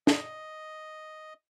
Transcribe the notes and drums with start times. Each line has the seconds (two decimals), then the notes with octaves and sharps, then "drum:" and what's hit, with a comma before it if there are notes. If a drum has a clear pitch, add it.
0.07 D#5, drum: snare